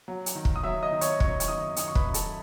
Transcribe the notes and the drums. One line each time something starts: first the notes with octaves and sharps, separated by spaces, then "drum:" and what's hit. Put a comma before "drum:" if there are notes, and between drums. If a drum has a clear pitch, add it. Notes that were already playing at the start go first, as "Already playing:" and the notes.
F#3
drum: hi-hat
D#3
drum: kick
D#6
F#3 E5 E6
D#5 D#6
D#3
C#5 C#6, drum: hi-hat
F#2 C#5 C#6, drum: kick
C#6, drum: hi-hat
D#3 D#5 D#6
D#3 D#6, drum: hi-hat
C#6
B4 B5, drum: kick
F#2
A4 A5, drum: hi-hat